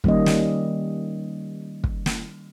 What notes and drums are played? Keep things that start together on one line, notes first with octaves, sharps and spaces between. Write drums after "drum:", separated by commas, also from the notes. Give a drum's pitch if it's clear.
D#3 G3 A#3 C#4 D#5, drum: kick
drum: snare
drum: kick
drum: snare